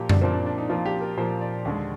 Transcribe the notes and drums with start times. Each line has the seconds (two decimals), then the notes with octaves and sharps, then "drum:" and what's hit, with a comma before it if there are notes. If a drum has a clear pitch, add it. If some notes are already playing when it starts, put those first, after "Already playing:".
Already playing: A#2 F3 A#3 G4
0.09 D4, drum: tom F#2
0.21 A#2 F3 A#3 C4
0.34 D4
0.46 D4
0.58 D#4
0.69 A#2 F3 A#3 F4
0.85 G4
1.01 A#4
1.17 A#2 F3 A#3 C5
1.41 D5
1.65 D#2 D3 G#3